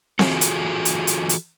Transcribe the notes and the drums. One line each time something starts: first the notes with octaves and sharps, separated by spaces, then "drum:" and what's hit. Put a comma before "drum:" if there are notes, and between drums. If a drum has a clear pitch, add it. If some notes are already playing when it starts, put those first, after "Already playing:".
E3 F4 F#4 G#4 A4, drum: snare C4
drum: hi-hat
drum: hi-hat
drum: hi-hat
drum: hi-hat